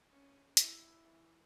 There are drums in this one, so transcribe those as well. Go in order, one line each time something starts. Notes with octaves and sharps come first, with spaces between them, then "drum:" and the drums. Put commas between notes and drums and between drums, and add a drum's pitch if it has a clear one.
C#4
E4, drum: hi-hat
E3